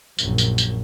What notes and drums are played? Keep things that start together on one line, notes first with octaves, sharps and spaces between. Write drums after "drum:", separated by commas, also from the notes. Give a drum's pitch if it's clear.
A#1 F#2, drum: tambourine
drum: tambourine
drum: tambourine